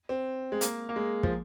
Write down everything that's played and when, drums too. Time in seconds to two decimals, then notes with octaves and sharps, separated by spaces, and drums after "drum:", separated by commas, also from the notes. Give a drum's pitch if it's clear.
0.09 C4
0.52 G#3
0.61 A#3, drum: hi-hat
0.89 A#3
0.96 G#3
1.23 F3, drum: kick